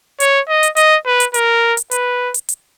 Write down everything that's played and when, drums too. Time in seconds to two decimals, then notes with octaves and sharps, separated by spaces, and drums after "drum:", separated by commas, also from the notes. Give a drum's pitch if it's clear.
0.20 C#5, drum: hi-hat
0.49 D#5
0.63 drum: hi-hat
0.77 D#5, drum: hi-hat
1.06 B4
1.20 drum: hi-hat
1.34 A#4, drum: hi-hat
1.77 drum: hi-hat
1.91 B4, drum: hi-hat
2.34 drum: hi-hat
2.49 drum: hi-hat